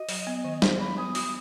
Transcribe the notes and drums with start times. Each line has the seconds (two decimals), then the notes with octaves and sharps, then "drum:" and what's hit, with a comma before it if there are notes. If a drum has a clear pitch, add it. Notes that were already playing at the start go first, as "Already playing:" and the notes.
Already playing: F#4 D#5
0.09 F#3, drum: open hi-hat
0.27 B3
0.44 D#3
0.62 E4 C5, drum: snare
0.79 F#3 B5
0.98 B3 D#6
1.15 F#4 D#6, drum: open hi-hat